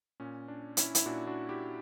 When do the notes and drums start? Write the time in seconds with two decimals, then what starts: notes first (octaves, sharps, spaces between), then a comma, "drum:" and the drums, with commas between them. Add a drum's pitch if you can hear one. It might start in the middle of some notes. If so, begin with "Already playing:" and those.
0.20 A#2 C#4
0.48 D4
0.77 C#4 E4, drum: hi-hat
0.95 E4, drum: hi-hat
1.06 A#2 D4 F#4
1.27 D4 F#4
1.49 E4 G4